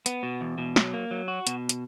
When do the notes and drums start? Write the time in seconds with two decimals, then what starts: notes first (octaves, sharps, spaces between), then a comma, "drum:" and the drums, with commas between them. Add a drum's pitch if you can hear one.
0.06 B3, drum: hi-hat
0.23 B2
0.41 E2
0.58 B2
0.76 F#3, drum: snare
0.93 A#3
1.11 F#3
1.28 F#4
1.47 B2, drum: hi-hat
1.69 drum: hi-hat